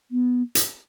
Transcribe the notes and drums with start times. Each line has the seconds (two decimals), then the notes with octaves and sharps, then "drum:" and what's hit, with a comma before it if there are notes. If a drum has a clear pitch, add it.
0.11 B3
0.55 drum: hi-hat